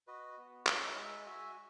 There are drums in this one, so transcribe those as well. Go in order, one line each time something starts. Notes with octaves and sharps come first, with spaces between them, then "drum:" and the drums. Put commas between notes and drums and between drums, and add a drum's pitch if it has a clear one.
F#4 B4 D#5
B3
D#4 C#5 E5, drum: clap
G#3 E5 G#5
F#4 E5 G#5